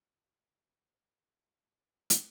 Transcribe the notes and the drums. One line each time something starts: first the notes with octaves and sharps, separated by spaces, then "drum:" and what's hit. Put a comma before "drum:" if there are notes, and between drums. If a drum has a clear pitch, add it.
E3 F3 G#3 B3 C#4
drum: hi-hat